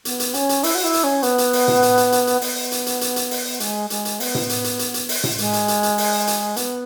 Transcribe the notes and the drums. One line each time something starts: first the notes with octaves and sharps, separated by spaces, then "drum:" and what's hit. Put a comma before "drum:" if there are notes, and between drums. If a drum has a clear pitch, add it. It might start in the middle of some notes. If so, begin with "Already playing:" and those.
B3, drum: hi-hat
drum: hi-hat
C#4, drum: hi-hat
drum: hi-hat
E4, drum: open hi-hat
F#4
E4
drum: hi-hat
C#4
B3, drum: hi-hat
drum: hi-hat
drum: open hi-hat
drum: tom A2
drum: hi-hat
drum: hi-hat
drum: hi-hat
drum: hi-hat
B3, drum: open hi-hat
drum: hi-hat
drum: hi-hat
drum: hi-hat
drum: hi-hat
drum: open hi-hat
G#3, drum: hi-hat
G#3, drum: hi-hat
drum: hi-hat
B3, drum: open hi-hat
drum: tom A2
drum: hi-hat
drum: hi-hat
drum: hi-hat
drum: hi-hat
drum: open hi-hat
drum: tom A2
G#3, drum: hi-hat
drum: hi-hat
drum: hi-hat
drum: hi-hat
drum: open hi-hat
drum: hi-hat
B3, drum: hi-hat